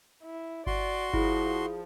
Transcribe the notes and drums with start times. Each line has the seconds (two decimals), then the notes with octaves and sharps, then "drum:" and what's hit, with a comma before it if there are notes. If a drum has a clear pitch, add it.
0.23 E4
0.67 F#4 D5 C6, drum: kick G1
1.13 F3 E4 G#4, drum: kick G1